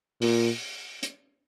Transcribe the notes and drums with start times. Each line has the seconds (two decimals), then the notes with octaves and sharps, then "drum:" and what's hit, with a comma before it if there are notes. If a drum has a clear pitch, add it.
0.22 A#2, drum: open hi-hat
1.03 drum: hi-hat